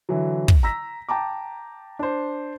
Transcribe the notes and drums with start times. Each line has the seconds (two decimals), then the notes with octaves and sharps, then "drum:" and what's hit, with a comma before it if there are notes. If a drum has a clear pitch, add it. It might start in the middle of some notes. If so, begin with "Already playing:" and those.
0.09 D3 E3 F#3
0.48 drum: kick
0.63 A#5 E6 A#6 B6
1.09 G5 A5 A#5 D6
1.99 D4 C5